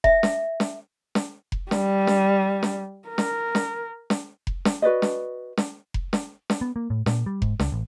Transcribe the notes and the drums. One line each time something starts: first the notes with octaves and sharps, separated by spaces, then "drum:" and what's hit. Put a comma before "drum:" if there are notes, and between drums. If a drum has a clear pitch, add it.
E5, drum: kick F1
drum: snare
drum: snare
drum: snare
drum: kick F1
G3, drum: snare
drum: snare
drum: snare
A#4
drum: snare
drum: snare
drum: snare
drum: kick F1
drum: snare
F#4 B4 D5 D#5
drum: snare
drum: snare
drum: kick F1
drum: snare
drum: snare
B3
A#3
A2
A#2, drum: snare
G3
G#2, drum: kick F1
C#2, drum: snare
A1